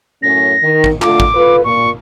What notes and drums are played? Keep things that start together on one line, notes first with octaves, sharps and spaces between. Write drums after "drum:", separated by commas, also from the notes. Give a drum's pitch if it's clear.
F#2 A2 C#4 A#6
D#3
drum: kick
D3 A3 F4 D6, drum: clap
drum: kick
F4 A4 B4
A#2 C#6